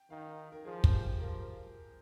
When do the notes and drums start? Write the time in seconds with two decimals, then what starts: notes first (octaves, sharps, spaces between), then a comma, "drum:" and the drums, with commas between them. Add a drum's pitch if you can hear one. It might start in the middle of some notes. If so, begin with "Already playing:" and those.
Already playing: G5
0.10 D#3 F5
0.52 A#4
0.65 F3 G#4
0.84 drum: kick
0.93 G4
1.20 F3 A#4